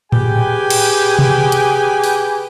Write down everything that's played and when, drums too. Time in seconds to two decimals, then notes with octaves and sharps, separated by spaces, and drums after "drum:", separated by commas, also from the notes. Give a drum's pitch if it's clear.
0.12 G4 G#4 B4 G5 G#5, drum: tom A2
0.70 drum: cymbal
1.19 drum: tom B2
1.52 drum: hi-hat
2.04 drum: open hi-hat